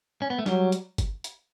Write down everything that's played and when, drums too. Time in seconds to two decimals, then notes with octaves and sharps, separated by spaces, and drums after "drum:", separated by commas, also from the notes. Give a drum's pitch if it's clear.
0.22 C#4
0.30 B3
0.39 A3
0.46 F#3 G3, drum: snare
0.72 drum: hi-hat
0.98 drum: kick G1, hi-hat
1.24 drum: hi-hat